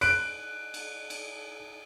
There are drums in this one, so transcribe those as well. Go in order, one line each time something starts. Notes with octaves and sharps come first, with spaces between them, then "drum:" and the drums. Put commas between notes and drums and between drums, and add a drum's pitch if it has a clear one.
F#6 D7, drum: cymbal
drum: cymbal
drum: cymbal